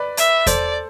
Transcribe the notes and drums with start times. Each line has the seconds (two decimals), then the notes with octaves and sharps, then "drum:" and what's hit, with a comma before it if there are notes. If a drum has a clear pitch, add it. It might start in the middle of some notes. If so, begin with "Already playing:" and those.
Already playing: B4 D5
0.17 E5, drum: hi-hat
0.46 A4 C5 D5, drum: kick E2, hi-hat